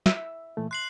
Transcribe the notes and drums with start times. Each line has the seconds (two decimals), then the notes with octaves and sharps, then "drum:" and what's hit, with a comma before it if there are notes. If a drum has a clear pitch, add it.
0.06 E5, drum: snare
0.57 A#2 E3 A3
0.71 C6 F#6 C7 F#7